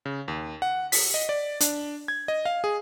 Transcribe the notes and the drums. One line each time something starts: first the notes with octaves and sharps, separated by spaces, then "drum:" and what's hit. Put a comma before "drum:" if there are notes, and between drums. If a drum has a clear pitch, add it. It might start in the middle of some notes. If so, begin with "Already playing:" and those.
C#3
D#2
F#5
B6, drum: open hi-hat
D#5
D5
D4, drum: hi-hat
G#6
D#5
F5
G#4